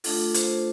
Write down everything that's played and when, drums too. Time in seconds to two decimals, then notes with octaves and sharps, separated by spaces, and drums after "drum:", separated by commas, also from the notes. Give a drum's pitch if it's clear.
0.04 A3 D4 F4 A4, drum: open hi-hat
0.34 C5, drum: hi-hat